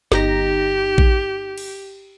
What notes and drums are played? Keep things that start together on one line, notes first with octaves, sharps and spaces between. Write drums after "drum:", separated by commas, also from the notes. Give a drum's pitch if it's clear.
G1 D#4 G4 A#6, drum: snare
drum: kick A1
drum: cymbal